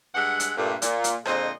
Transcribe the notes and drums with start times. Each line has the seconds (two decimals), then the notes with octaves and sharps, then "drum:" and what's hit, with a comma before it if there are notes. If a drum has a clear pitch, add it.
0.15 G2 G#3 E5 F#5
0.40 drum: hi-hat
0.57 G2 A#2 A3
0.82 A#2, drum: hi-hat
1.04 drum: hi-hat
1.25 F2 A#2 D3 G#3 C5 D#5, drum: rim click